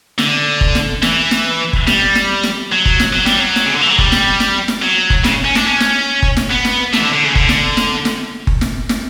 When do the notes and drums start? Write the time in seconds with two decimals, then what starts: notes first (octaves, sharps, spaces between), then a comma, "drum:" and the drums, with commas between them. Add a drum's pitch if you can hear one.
0.18 D3, drum: snare
0.61 drum: kick F#1
0.75 drum: snare
1.02 E3, drum: snare
1.31 drum: snare
1.73 drum: kick F#1
1.87 G3, drum: snare
2.15 drum: snare
2.43 drum: snare
2.72 F#3
2.86 drum: kick F#1
3.00 drum: snare
3.13 F#3
3.26 G3, drum: snare
3.40 F#3
3.56 drum: snare
3.65 C#3
3.73 D3
3.81 E3
3.90 F#3
3.98 G3, drum: kick F#1
4.12 drum: snare
4.40 drum: snare
4.68 drum: snare
4.82 F#3
5.10 drum: kick F#1
5.24 C#3, drum: snare
5.45 C#4
5.55 D4, drum: snare
5.67 C#4
5.80 drum: snare
6.23 drum: kick F#1
6.37 drum: snare
6.51 B3
6.65 drum: snare
6.93 A3, drum: snare
6.98 E3
7.03 D3
7.13 D3
7.24 C#3
7.35 D3, drum: kick F#1
7.49 drum: snare
7.77 drum: snare
8.05 drum: snare
8.47 drum: kick F#1
8.61 drum: snare
8.89 drum: snare